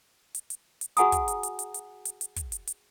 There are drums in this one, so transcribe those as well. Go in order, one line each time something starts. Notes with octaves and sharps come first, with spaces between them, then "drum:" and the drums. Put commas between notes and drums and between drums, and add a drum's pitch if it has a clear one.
drum: hi-hat
drum: hi-hat
drum: hi-hat
F#4 G#4 F#5 G#5 A#5 D#6, drum: hi-hat
drum: kick, hi-hat
drum: hi-hat
drum: hi-hat
drum: hi-hat
drum: hi-hat
drum: hi-hat
drum: hi-hat
drum: kick, hi-hat
drum: hi-hat
drum: hi-hat